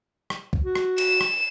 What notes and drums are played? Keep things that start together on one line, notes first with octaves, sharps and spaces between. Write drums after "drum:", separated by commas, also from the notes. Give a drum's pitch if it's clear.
drum: rim click
drum: kick
F#4
drum: rim click
E7, drum: cymbal
drum: rim click